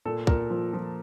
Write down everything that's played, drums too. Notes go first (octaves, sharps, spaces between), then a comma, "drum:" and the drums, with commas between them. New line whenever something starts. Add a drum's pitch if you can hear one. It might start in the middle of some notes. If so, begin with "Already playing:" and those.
A#2 A4
A#2 A#4, drum: kick
F3
F3